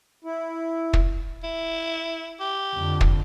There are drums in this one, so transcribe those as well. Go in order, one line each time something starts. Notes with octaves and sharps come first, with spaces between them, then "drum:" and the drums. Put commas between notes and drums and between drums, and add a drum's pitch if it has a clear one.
E4
drum: kick
E4
G4
F2 D3
drum: kick